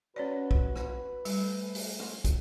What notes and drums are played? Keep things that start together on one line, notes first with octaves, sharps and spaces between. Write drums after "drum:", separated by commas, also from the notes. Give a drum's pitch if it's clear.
C#4 F#4 B4 C#5 D5
drum: kick
drum: rim click
G3 A3, drum: open hi-hat
drum: open hi-hat
drum: rim click
drum: kick, hi-hat